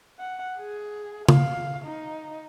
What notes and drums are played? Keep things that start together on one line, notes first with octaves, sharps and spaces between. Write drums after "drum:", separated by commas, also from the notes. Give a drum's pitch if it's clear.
F#5
G#4
F5, drum: tom C#3
D#4